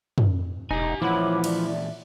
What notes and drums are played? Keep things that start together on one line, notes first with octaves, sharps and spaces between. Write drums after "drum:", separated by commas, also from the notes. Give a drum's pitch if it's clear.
drum: tom
E1 D#4 G4 G#5
A#2 E3 F3 E4 B4 C#5 F#5 D6
D5 E5, drum: cymbal